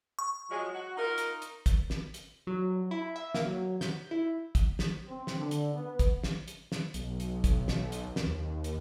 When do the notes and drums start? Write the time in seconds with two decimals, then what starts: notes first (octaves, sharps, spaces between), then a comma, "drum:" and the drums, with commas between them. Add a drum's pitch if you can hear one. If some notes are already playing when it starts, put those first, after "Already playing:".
0.19 C#6
0.49 F3 F#3 G#3
0.73 F#4
0.97 D#4 F4 A#4
1.18 drum: hi-hat
1.42 drum: hi-hat
1.66 drum: kick, hi-hat
1.90 drum: snare
2.14 drum: hi-hat
2.47 F#3
2.91 E4
3.16 E5
3.35 A#3, drum: snare
3.46 F#3
3.81 G6, drum: snare
4.11 E4
4.55 drum: kick, hi-hat
4.79 drum: snare
5.07 C4
5.27 drum: snare
5.38 D3
5.51 drum: hi-hat
5.73 B3
5.99 drum: kick, hi-hat
6.24 drum: snare
6.48 drum: hi-hat
6.72 drum: snare
6.94 B1, drum: hi-hat
7.20 drum: hi-hat
7.44 drum: kick, hi-hat
7.68 drum: snare
7.92 drum: hi-hat
8.16 drum: snare
8.26 D#2
8.64 drum: hi-hat